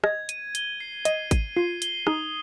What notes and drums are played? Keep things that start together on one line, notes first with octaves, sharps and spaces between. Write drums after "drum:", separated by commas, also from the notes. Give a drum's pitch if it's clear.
D#5 G#6, drum: rim click
D#7, drum: hi-hat
G7, drum: hi-hat
C7
D#5 D#7, drum: hi-hat
D#7, drum: kick G#1, hi-hat
F4 C7
G7, drum: hi-hat
D#4 D#6, drum: rim click